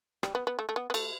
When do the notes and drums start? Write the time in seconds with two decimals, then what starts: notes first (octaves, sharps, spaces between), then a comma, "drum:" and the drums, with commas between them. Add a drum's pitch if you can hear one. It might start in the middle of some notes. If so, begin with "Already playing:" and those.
0.23 G3, drum: rim click
0.35 B3
0.47 B3
0.59 A3
0.69 A3
0.76 B3
0.90 B3
0.94 A3, drum: cymbal